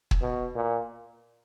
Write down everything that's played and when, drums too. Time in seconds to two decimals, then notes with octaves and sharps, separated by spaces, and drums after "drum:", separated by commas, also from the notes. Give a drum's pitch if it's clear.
0.11 drum: kick
0.22 B2
0.55 A#2